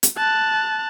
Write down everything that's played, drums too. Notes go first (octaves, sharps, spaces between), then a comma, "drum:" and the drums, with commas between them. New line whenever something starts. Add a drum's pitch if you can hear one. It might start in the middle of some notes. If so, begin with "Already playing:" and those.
drum: hi-hat
A5 F#6